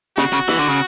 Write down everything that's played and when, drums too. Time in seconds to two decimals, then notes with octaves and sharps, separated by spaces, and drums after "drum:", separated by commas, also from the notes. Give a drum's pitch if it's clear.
0.18 C#3 F#4, drum: snare
0.33 C#3
0.48 E3, drum: snare
0.58 D3
0.69 C#3